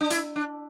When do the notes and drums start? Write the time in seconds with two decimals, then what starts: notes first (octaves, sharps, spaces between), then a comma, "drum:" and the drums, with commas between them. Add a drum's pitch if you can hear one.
0.01 D4
0.10 E4, drum: hi-hat
0.36 D4